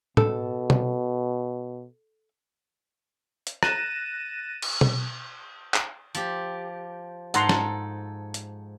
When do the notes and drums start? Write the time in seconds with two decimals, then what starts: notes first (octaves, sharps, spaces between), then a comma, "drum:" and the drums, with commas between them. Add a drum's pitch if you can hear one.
0.17 B2 A4, drum: tom A2
0.70 drum: tom B2
3.47 drum: hi-hat
3.63 F#6 A6 A#6 D#7 E7, drum: rim click
4.62 drum: cymbal
4.81 drum: tom B2
5.74 drum: clap
6.15 F3 G4, drum: hi-hat
7.34 G#2 A4 F#5 A#5 C6, drum: hi-hat
7.49 drum: snare
8.34 drum: hi-hat